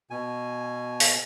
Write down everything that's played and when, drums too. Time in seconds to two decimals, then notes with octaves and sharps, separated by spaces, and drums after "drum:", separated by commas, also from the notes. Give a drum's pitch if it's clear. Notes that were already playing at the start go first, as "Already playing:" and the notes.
0.11 B2 G#5
1.00 drum: open hi-hat